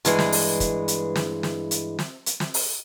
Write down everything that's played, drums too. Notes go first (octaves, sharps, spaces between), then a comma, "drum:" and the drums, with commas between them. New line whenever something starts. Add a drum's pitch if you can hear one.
G2 E3 G#3, drum: hi-hat
drum: snare
drum: open hi-hat
drum: kick, hi-hat
drum: hi-hat
drum: snare
drum: snare
drum: hi-hat
drum: snare
drum: hi-hat
drum: snare
drum: open hi-hat